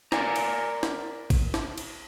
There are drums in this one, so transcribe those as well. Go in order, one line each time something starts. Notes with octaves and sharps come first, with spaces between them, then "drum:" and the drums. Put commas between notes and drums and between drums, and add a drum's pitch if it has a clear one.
A#4 D5 G#5 A#5, drum: snare
drum: cymbal
drum: snare
drum: kick, cymbal
drum: snare
drum: cymbal